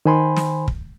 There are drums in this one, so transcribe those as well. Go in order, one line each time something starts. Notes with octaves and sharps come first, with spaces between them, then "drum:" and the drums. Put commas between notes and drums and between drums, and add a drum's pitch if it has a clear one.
D#3 C5 G#5 B5 C6
drum: snare
drum: kick